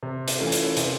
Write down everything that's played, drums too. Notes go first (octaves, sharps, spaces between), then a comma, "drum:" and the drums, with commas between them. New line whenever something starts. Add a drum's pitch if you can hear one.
C3
drum: hi-hat
E3 A3 C#4 F4
drum: hi-hat
C3, drum: hi-hat